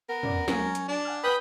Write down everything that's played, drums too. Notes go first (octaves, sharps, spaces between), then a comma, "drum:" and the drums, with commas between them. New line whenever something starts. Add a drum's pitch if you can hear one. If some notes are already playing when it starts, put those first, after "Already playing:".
B3 A#4
C#4 D5, drum: tom
F#3 C#4, drum: snare
drum: hi-hat
D4
F#5 G#5 F6
B4 G5 B5 D#6